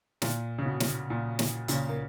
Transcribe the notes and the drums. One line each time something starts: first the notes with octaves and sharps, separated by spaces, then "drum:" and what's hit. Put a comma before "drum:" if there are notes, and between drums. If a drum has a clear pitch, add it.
A#2, drum: snare
C#3
B2
drum: snare
A#2
drum: snare
A#2 C#3, drum: hi-hat
A#3